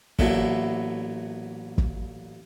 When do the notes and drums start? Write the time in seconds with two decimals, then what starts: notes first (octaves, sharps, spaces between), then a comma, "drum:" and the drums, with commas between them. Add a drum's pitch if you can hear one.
0.19 A1 A#2 F#3 B3 E4 A4, drum: kick
1.78 drum: kick